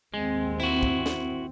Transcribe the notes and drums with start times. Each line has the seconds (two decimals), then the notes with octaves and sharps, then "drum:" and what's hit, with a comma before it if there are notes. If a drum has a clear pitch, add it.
0.14 D#2 G#3 C4
0.60 E4 F#4, drum: tambourine
0.83 drum: kick
1.06 drum: snare